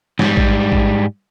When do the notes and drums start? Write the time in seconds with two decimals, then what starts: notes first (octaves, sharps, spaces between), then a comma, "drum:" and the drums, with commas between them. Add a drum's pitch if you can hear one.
0.19 G#2 G3, drum: snare
0.37 drum: kick A1
0.72 drum: kick A1